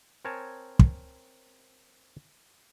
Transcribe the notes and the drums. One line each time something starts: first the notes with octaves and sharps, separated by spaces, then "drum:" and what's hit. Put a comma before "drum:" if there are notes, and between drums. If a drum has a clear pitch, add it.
C4 A#4 C#5 G#5 A5
drum: kick